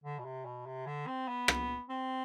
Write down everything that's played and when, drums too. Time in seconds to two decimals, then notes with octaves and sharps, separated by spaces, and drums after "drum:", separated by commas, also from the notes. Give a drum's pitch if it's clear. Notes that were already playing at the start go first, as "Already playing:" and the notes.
0.04 D3
0.19 B2
0.25 C3
0.45 B2
0.66 C3
0.87 D3
1.07 C4
1.28 B3
1.48 drum: rim click
1.90 C4